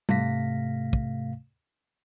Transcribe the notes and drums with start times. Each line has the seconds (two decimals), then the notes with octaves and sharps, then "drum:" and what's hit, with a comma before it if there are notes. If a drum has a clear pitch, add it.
0.09 G#2 C3 A3 F5 A#6 B6, drum: tom G3
0.93 drum: kick